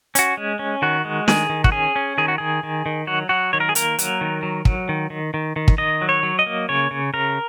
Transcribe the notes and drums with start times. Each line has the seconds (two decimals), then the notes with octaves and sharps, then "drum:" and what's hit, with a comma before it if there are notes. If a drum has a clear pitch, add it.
0.15 C#4 F#4, drum: hi-hat
0.37 G#3
0.59 C#4
0.82 D#3 F#4
1.05 G#3
1.28 D#3 G#4, drum: snare
1.50 D#3
1.64 F#4, drum: kick
1.72 C#4 G#4
1.96 C#4
2.18 D#3 G#4
2.28 F#4
2.38 D#3 G#4
2.63 D#3
2.86 D#3
3.07 F#3 F#4
3.29 F#3 F#4
3.53 D#3 C#5
3.60 A#4
3.69 G#4
3.75 A#3 A#4, drum: hi-hat
3.99 F#3, drum: hi-hat
4.21 D#3
4.43 F#3
4.65 F#3, drum: kick
4.89 D#3
5.10 D#3
5.34 D#3
5.56 D#3
5.68 drum: kick
5.78 D#3 D#5
6.02 F#3
6.09 C#5
6.23 F#3
6.39 D#5
6.46 A#3
6.69 C#3 C#5
6.91 C#3
7.14 C#3 A#4